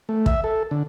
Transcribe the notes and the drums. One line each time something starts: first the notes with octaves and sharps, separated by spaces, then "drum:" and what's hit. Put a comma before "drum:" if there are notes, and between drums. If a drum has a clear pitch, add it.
A3
E5, drum: kick
A4
D3